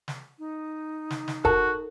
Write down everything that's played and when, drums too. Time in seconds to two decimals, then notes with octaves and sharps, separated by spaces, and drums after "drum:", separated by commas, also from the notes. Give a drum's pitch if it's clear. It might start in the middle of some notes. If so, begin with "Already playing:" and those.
0.08 drum: snare
0.39 D#4
1.10 drum: snare
1.28 drum: snare
1.45 F#4 A4 A#4 A5, drum: kick F1